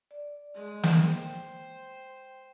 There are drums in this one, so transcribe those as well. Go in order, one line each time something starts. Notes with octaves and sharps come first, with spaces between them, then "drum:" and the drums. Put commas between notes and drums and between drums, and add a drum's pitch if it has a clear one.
D5
G#3
drum: snare
C5 G5